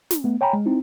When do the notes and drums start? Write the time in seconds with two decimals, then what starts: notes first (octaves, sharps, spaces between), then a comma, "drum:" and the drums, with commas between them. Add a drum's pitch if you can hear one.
0.11 drum: snare
0.24 A3 B3
0.41 C#5 G5 G#5 A#5 B5
0.53 G#3
0.66 C4 D#4 E4